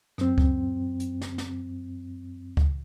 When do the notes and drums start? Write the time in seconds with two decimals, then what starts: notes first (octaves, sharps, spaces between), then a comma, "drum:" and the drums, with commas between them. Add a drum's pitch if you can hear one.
0.18 F#2 C4, drum: rim click
0.38 drum: kick C#2
1.00 drum: hi-hat
1.21 drum: snare
1.38 drum: snare
2.57 drum: kick C#2